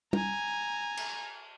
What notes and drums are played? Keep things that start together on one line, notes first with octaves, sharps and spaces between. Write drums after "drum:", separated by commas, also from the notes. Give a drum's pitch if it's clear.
G#5 A#5, drum: tom
drum: cymbal